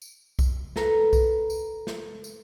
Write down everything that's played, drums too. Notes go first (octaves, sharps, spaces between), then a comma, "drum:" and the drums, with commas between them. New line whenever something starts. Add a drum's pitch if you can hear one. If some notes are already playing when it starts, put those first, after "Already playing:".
drum: tambourine
drum: kick B1, tambourine
A4 B4 A#5, drum: snare
drum: kick B1, tambourine
drum: tambourine
drum: snare
drum: tambourine